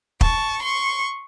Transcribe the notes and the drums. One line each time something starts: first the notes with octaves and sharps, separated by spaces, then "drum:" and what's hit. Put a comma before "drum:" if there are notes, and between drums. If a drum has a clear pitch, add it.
A5 C#6, drum: kick
C6 C#6